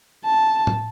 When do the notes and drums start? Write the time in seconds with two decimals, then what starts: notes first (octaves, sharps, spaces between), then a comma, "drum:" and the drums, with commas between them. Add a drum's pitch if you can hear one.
0.25 A5
0.67 drum: tom A2